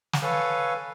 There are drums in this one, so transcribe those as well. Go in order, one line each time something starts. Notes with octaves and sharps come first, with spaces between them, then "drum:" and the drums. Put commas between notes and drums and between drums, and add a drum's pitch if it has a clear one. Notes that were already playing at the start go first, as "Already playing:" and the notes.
drum: snare
A4 B4 C#5 F5 G#5